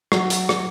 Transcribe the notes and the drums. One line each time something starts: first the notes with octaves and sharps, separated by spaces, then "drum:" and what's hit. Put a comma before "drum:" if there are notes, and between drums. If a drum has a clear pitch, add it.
F#3, drum: rim click
drum: hi-hat
drum: rim click